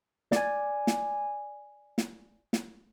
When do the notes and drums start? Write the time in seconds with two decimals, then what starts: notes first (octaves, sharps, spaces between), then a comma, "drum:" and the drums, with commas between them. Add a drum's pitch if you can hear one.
0.32 D5 G#5, drum: snare
0.87 drum: snare
1.98 drum: snare
2.53 drum: snare